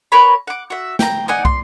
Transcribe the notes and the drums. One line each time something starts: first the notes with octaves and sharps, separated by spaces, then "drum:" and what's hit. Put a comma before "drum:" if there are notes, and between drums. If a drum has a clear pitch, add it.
A#4 B4 C#5 B5
F#5 D6
F#4 E5
G5 A#5, drum: snare
D#4 D5 F#5 G#5
C6, drum: kick